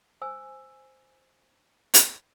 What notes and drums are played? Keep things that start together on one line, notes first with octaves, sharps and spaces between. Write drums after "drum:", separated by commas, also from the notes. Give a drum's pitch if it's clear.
C5 G#5 E6
drum: hi-hat